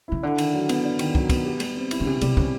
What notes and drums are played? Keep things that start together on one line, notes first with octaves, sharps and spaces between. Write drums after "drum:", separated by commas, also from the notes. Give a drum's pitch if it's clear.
C#3 E4
D3 D4
D#3, drum: cymbal
F#3
B3, drum: cymbal
D4
D#3, drum: cymbal
F#3, drum: kick
B3, drum: kick, cymbal
G4
G3, drum: cymbal
C4
E4, drum: cymbal
D3
C#3 G4
C3 G3, drum: cymbal
C#3 C4, drum: kick